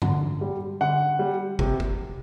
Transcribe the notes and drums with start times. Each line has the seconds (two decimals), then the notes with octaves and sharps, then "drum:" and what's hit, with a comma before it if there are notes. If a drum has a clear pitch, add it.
0.02 D3, drum: tom G2
0.41 G3
0.81 D3 F#5
1.19 G3
1.59 C3, drum: kick
1.80 drum: kick